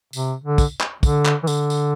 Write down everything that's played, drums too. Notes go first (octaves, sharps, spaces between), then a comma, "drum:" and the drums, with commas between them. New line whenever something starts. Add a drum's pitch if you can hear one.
C3, drum: tambourine
D3
drum: kick, tambourine
drum: clap
D3, drum: kick, tambourine
drum: clap
E3
D3, drum: tambourine
drum: tambourine